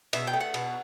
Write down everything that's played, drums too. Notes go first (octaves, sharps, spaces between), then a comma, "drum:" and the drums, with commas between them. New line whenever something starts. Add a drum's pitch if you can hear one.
B2 E5, drum: cymbal
G5
A3
F#5
B2, drum: cymbal